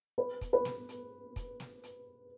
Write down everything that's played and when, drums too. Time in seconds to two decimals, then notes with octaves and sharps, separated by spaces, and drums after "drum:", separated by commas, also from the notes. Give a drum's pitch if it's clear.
0.18 B4
0.41 drum: kick, hi-hat
0.53 B4
0.65 drum: snare
0.89 drum: hi-hat
1.36 drum: kick, hi-hat
1.60 drum: snare
1.83 drum: hi-hat